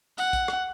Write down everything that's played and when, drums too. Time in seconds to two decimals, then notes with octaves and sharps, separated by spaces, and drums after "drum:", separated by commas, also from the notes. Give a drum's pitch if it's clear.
0.18 F#5, drum: tambourine
0.33 drum: kick A#1, tambourine
0.48 drum: rim click